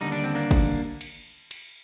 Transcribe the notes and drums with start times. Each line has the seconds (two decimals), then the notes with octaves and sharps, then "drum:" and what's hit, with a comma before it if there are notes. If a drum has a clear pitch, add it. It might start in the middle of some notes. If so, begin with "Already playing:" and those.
0.01 D#2 D3 G3 D#4
0.12 D4
0.24 C4
0.35 A#3 D4
0.51 drum: kick, cymbal
1.01 drum: cymbal
1.51 drum: cymbal